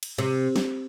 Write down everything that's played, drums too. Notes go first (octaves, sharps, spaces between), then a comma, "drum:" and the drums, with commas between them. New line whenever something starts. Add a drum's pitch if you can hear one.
drum: cymbal
C3
drum: snare